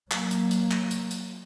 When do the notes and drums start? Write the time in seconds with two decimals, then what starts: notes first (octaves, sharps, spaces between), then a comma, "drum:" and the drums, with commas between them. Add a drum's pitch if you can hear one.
0.11 F#3 A#3, drum: clap
0.31 drum: hi-hat
0.51 drum: hi-hat
0.71 drum: clap
0.91 drum: hi-hat
1.11 drum: hi-hat